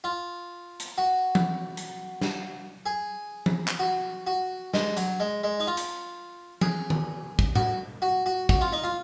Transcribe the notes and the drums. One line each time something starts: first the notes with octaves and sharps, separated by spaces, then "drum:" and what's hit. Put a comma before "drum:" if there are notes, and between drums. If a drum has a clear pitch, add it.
F4
drum: hi-hat
F#4
drum: tom F3
drum: hi-hat
drum: snare
G#4
drum: tom F3
drum: clap
F#4
F#4
G#3, drum: snare
F#3, drum: hi-hat
G#3
G#3
D#4
F4
drum: hi-hat
G#4, drum: tom F3
drum: tom D#3
drum: kick
F#4, drum: tom A2
F#4
F#4
F#4, drum: kick
F4
D#4
F4